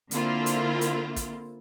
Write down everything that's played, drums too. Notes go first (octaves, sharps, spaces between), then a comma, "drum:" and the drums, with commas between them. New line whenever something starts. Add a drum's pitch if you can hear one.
D3 A#3 C4 E4 F4, drum: hi-hat
drum: hi-hat
drum: hi-hat
drum: kick, hi-hat